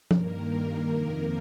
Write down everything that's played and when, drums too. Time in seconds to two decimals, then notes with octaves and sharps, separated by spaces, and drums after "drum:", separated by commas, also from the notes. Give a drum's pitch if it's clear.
0.11 G2 D#3 A#3 A#4, drum: tom F3
0.91 F2 C3 D#3 A#3 A#4